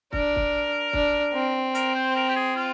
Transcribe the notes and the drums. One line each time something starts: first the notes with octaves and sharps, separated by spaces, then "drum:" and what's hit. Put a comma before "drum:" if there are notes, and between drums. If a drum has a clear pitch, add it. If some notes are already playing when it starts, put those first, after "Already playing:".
D4 A#4, drum: kick
drum: kick
D4, drum: kick
C4
A#4, drum: hi-hat
C5
A#4
G4
G#4
F4